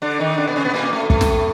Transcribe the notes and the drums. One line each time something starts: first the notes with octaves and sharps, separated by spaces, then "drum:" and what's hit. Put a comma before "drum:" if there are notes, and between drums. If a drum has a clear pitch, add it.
D3 D4
D#3 D#4
D3 D4
B2 B3
C#3 C#4
B2 B3
A#2 A#3
A2 A3
A2 A3, drum: kick
drum: snare